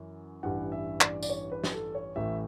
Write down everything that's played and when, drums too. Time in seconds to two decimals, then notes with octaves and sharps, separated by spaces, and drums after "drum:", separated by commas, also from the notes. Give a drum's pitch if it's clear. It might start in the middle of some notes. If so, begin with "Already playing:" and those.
Already playing: F#2 E3
0.43 A1 G2 E3 F#5
0.72 E5
1.01 D5, drum: clap
1.23 D5, drum: tambourine
1.30 C#5
1.52 B4
1.64 drum: snare
1.73 A4
1.95 C#5
2.16 A1 A2 E3 E5